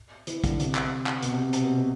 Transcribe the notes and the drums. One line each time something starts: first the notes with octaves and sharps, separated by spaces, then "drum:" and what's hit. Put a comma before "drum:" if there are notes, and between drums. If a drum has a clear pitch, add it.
E3, drum: hi-hat
D3, drum: kick, hi-hat
C3, drum: hi-hat
drum: clap
drum: clap
B2, drum: hi-hat
C3
B2
C3, drum: hi-hat
B2
B2